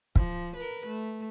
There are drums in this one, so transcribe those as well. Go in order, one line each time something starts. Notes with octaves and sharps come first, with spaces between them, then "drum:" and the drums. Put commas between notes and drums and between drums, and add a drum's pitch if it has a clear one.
F3, drum: kick
A#4 B4
A3